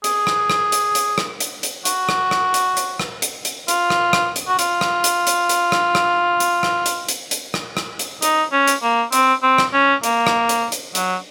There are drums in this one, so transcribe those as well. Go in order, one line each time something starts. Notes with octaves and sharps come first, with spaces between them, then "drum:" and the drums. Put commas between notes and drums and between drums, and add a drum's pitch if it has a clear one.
G#4, drum: hi-hat
drum: rim click
drum: rim click
drum: hi-hat
drum: hi-hat
drum: rim click
drum: hi-hat
drum: hi-hat
F#4, drum: hi-hat
drum: rim click
drum: rim click
drum: hi-hat
drum: hi-hat
drum: rim click
drum: hi-hat
drum: hi-hat
F4, drum: hi-hat
drum: rim click
drum: rim click
drum: hi-hat
F#4
F4, drum: hi-hat
drum: rim click
drum: hi-hat
drum: hi-hat
drum: hi-hat
drum: rim click
drum: rim click
drum: hi-hat
drum: rim click
drum: hi-hat
drum: hi-hat
drum: hi-hat
drum: rim click
drum: rim click
drum: hi-hat
D#4, drum: hi-hat
C#4
drum: hi-hat
A#3
C4, drum: hi-hat
C4
drum: rim click
C#4
A#3, drum: hi-hat
drum: rim click
drum: hi-hat
drum: hi-hat
F#3, drum: hi-hat